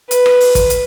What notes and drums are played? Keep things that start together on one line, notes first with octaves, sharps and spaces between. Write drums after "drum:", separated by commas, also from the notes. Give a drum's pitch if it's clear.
B4, drum: hi-hat
drum: rim click
drum: open hi-hat
drum: kick, hi-hat
drum: hi-hat